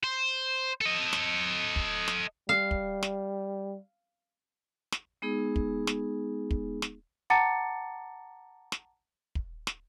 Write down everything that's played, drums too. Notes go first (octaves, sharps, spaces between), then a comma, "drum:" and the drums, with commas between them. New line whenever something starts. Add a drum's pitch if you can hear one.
C5
A4 D#5
drum: snare
drum: kick
drum: snare
G3 F5
drum: kick
drum: snare
drum: snare
G#3 B3 D#4 G#4
drum: kick
drum: snare
drum: kick
drum: snare
F#5 A5 A#5 D6 A6 C#7
drum: snare
drum: kick
drum: snare